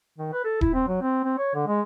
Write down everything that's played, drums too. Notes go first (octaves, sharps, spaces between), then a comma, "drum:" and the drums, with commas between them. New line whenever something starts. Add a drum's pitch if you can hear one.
D#3
B4
A4
E4, drum: kick D#1
C4
F#3
C4
C4
C#5
D3
G#3